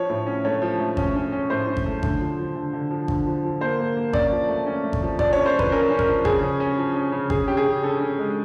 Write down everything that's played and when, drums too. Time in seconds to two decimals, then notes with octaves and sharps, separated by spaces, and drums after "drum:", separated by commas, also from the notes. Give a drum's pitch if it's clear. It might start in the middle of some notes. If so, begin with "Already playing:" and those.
Already playing: F3 C#5
0.10 A2
0.27 C#4
0.45 A3 C#5
0.62 F3
0.80 A3
0.97 C#4, drum: kick G#1
1.16 C#4
1.32 C#4
1.50 A2 C5
1.67 A2
1.77 drum: kick G#1
1.86 A3
2.03 D3, drum: kick G#1
2.21 F3
2.39 F3
2.56 D3
2.73 D3
2.91 F3
3.08 D3, drum: kick G#1
3.27 F3
3.44 F3
3.60 A#3 C5
3.79 A#3
3.96 A#3
4.13 C#4 D5, drum: kick G#1
4.31 F3
4.49 A3
4.66 C#4
4.84 A3
4.93 drum: kick G#1
5.02 F3
5.19 F3 D5, drum: kick G#1
5.33 C#4 C#5
5.46 C5
5.54 F3
5.59 B4, drum: kick G#1
5.72 C#4 A#4
5.90 C#4
5.99 A#4, drum: kick G#1
6.07 F3
6.25 C#3 G#4, drum: kick G#1
6.42 C#4
6.60 C#4
6.77 F3
6.95 C#4
7.12 C#3
7.30 C#3 G#4, drum: kick G#1
7.47 C#4 G4
7.57 G#4
7.65 C#3
7.83 C#4 A4
8.01 C#4
8.19 G#3